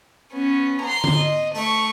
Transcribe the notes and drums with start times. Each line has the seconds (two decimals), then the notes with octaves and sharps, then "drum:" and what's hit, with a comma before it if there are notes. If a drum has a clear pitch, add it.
0.33 B3 C#4
0.82 A#5 C6
1.04 drum: tom D3
1.17 D#5
1.55 A3 C#6, drum: open hi-hat